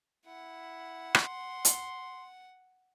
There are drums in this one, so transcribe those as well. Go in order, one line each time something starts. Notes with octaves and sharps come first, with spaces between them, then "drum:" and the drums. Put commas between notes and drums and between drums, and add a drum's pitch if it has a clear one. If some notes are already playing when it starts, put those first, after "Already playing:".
E4 F#5
C6, drum: rim click
drum: hi-hat